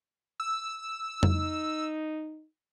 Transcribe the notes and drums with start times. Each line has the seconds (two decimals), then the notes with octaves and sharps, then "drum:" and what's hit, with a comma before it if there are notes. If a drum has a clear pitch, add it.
0.40 E6
1.23 D#4, drum: tom F2